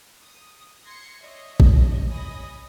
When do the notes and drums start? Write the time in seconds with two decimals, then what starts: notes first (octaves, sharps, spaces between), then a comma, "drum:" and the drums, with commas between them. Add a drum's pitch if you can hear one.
0.21 D#6
0.84 C6 G#6 A#6 C7 C#7
1.21 C#5 D#5 E5
1.60 drum: kick
2.09 C#5 D#5 G#5 B5 D#6 A#6